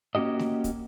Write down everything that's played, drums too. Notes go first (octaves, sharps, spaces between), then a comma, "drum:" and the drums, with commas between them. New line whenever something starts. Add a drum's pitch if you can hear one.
A#3 C#4 F#4 G4 D#5
drum: snare A3
drum: kick, hi-hat